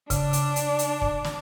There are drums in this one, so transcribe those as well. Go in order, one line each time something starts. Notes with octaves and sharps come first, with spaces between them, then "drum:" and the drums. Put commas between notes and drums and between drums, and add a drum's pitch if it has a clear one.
C#3 D4 D5, drum: kick, hi-hat
drum: hi-hat
drum: hi-hat
drum: hi-hat
drum: kick
drum: snare